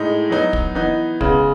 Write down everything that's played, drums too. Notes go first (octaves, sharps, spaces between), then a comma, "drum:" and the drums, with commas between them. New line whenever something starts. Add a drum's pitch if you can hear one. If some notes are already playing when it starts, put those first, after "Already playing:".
Already playing: A2 G#3 D#4
F#3 B3 D#4
drum: kick
E3 B3 D#4
C#3 G#3 B3, drum: kick